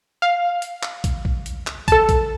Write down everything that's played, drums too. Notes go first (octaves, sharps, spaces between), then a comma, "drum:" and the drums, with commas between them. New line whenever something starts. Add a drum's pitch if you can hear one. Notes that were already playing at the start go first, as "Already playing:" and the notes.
F5
drum: hi-hat
drum: clap
drum: kick, hi-hat
drum: kick
drum: hi-hat
drum: clap
A4 A5, drum: kick, hi-hat
drum: kick, hi-hat